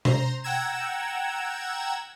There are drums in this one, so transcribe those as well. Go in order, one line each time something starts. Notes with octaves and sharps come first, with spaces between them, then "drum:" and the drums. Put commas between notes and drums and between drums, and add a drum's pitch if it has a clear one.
C5 A#5 C6, drum: tom B2
F#5 G5 A#5 E6 G#6 E7